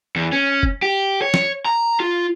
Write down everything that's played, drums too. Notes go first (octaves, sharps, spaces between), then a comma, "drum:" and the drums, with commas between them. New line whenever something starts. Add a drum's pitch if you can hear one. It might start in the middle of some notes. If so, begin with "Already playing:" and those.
E2
C#4
drum: kick
G4
C#5
drum: snare
A#5
F4